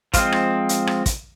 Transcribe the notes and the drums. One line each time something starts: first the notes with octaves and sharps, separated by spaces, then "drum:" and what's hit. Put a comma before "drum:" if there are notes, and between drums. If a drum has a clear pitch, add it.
F3 G#3 C4 F4, drum: kick, hi-hat
drum: rim click
drum: hi-hat
drum: rim click
drum: kick, hi-hat